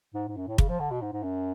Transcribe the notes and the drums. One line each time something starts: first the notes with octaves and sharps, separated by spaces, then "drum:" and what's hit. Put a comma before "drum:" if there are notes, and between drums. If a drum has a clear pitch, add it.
G#2
G#2
F#2
A2
C#3, drum: kick
F3
D3
B2
G#2
G#2
F#2